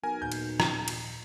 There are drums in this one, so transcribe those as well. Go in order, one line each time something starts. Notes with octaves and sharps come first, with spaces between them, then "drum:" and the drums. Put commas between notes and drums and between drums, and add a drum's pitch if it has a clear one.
B1 A#4 G#5
D#2 A#2 G6
drum: cymbal
drum: rim click
drum: cymbal